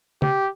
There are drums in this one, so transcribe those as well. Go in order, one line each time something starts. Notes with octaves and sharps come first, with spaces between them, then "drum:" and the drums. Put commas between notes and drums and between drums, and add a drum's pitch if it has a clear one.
G4, drum: tom